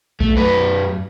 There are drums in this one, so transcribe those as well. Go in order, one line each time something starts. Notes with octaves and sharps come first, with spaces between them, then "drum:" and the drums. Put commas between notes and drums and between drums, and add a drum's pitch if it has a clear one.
A3, drum: kick A#1
F#2 B4